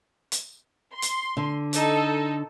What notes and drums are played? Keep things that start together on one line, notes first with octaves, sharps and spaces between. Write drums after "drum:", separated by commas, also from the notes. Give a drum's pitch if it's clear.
drum: hi-hat
C6
drum: hi-hat
D3
D#4 A4, drum: hi-hat